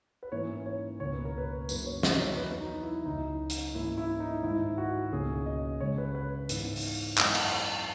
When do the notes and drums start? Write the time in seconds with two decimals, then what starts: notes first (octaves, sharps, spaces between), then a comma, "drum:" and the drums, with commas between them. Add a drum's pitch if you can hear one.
0.23 B4
0.32 G#2 E3 A#3 C#4 C#5
0.66 C#5
1.00 C#2 B2 A#3 C#5
1.13 B4
1.25 A#4
1.38 B4
1.69 F#2 D#3 F#3 A#3 C#4 B4, drum: tambourine
1.86 C#5
2.03 D#5, drum: snare
2.20 C#5
2.37 E2 D#3 F#3 B4
2.60 D#4
2.83 E4
3.06 C#2 C#3 F#3 C#4 D#4
3.50 drum: hi-hat
3.75 G#2 E3 A#3 C#4 E4
3.97 E4
4.20 D#4
4.43 G#2 D#3 G#3 E4
4.78 F#4
5.12 C#2 B2 A#3 C#4 G#4
5.46 D#5
5.80 C#2 C#3 G#3 C#5
5.98 B4
6.15 B4
6.49 G#2 E3 B3, drum: hi-hat
6.76 drum: open hi-hat
7.18 F#2 E3 G#3 B3 D#5, drum: clap
7.35 drum: cymbal